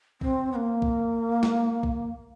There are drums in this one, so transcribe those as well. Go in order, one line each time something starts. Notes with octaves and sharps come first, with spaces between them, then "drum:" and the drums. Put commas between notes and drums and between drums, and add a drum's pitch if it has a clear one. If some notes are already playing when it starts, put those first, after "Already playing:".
C4, drum: kick
B3
A#3
drum: kick
drum: snare
drum: kick